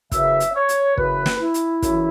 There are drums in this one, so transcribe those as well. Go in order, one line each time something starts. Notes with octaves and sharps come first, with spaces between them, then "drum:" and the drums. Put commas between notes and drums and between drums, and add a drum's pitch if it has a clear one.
F#2 C#3 E3 E5, drum: kick, hi-hat
drum: hi-hat
C#5
drum: hi-hat
F#2 C#3 E3 B4, drum: kick
drum: snare
E4
drum: hi-hat
F#2 C#3 E3, drum: kick, hi-hat